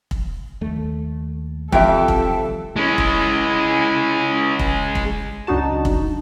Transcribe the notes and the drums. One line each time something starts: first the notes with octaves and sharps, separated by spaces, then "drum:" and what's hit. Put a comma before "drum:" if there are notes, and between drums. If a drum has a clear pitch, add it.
drum: kick
D#2 A3
B1 F2 E3 G#3 G4 A4 E5 G5, drum: kick
drum: kick
G#3 C#4 E4
drum: kick
drum: kick
drum: kick
C#2 F#2 D4 D#4 F#4 A5
drum: kick